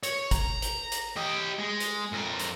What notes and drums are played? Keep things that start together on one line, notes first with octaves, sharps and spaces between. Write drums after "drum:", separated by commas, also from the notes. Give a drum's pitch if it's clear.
C#5, drum: hi-hat
A#5, drum: kick, hi-hat
drum: hi-hat
drum: hi-hat
G4 D#5
G#3
drum: hi-hat
F2 A#4
drum: hi-hat